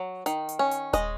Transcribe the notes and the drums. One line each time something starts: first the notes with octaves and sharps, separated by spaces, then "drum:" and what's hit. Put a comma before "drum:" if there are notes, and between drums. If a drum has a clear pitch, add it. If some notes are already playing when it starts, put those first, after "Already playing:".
Already playing: F#3
D#3, drum: hi-hat
drum: hi-hat
C#4
drum: hi-hat
G#3 D#5, drum: kick D#1, hi-hat